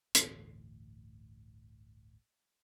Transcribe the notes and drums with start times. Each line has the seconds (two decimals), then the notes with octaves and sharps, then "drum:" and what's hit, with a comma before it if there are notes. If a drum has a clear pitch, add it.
0.15 G1 D2 A2 E3, drum: hi-hat